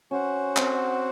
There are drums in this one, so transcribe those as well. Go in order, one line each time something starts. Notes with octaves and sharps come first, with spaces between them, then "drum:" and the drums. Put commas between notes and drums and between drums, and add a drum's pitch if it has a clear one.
C#4 F#4 C5 F#5
C4, drum: clap